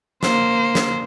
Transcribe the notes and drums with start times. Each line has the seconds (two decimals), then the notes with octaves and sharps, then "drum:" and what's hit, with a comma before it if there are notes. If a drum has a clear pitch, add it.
0.23 A#3 C5, drum: snare
0.75 drum: snare